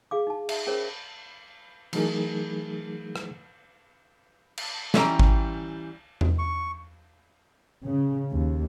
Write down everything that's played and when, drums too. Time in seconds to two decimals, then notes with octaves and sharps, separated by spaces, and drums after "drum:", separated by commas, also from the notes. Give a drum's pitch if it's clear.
0.11 G#4 F5 D6
0.27 D#4 A5
0.49 E5, drum: cymbal
0.67 C#4 G#4 A#4 C5 C#5
1.93 E3 F#3 A3 D#4 G#4 A#4, drum: cymbal
3.16 drum: rim click
4.58 drum: cymbal
4.94 E3 G3 C#4 C#5 G5 A#5, drum: snare
5.19 drum: kick G#1
6.21 drum: tom E2
6.39 C#6
7.85 C#3
8.31 D#2